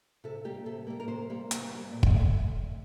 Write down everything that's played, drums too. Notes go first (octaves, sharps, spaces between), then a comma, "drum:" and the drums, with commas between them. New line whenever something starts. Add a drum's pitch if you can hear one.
C3 A4
G3 A#3 G4
C3 A4
G3 A#3
A#4
C3 C5
G3 A#3
C3, drum: hi-hat
G3 A#3
A#2 D5
drum: kick
A3